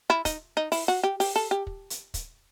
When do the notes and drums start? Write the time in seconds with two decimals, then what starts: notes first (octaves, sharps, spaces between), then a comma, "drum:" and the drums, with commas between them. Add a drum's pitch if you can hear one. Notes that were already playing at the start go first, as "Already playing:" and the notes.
0.10 E4
0.25 D#4, drum: kick, hi-hat
0.57 D#4
0.72 E4, drum: open hi-hat
0.88 F#4
1.03 G4
1.20 G4, drum: open hi-hat
1.36 A4
1.51 G4
1.67 drum: kick
1.90 drum: hi-hat
2.14 drum: kick, hi-hat